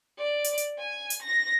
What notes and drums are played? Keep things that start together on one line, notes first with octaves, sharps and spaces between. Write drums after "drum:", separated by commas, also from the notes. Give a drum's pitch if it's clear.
D5
drum: hi-hat
drum: hi-hat
G#5
drum: hi-hat
A#6